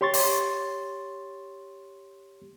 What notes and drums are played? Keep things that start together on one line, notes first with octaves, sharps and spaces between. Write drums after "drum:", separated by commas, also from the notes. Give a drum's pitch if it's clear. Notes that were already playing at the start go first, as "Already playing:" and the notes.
G4 C#5 C6 C#6 A6
drum: open hi-hat